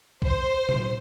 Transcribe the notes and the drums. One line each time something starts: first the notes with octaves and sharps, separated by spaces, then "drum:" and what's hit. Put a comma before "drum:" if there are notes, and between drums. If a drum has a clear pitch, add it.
C5, drum: kick B1
drum: tom A#2